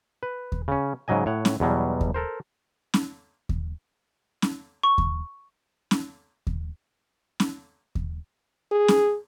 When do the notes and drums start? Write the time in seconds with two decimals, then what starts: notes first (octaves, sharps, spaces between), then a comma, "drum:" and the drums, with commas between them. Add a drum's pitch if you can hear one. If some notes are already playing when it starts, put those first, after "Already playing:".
0.23 B4
0.52 drum: kick D#2
0.68 C#3 C#4
1.08 G#2 C#3 F#3 D#5 G#5
1.26 A2 C#5 F#5
1.45 drum: snare
1.60 E2 B2 F#3 G3
2.01 drum: kick D#2
2.14 A4 A#4 C5
2.94 drum: snare
3.49 drum: kick D#2
4.42 drum: snare
4.83 C#6
4.98 drum: kick D#2
5.91 drum: snare
6.47 drum: kick D#2
7.40 drum: snare
7.95 drum: kick D#2
8.72 G#4
8.88 drum: snare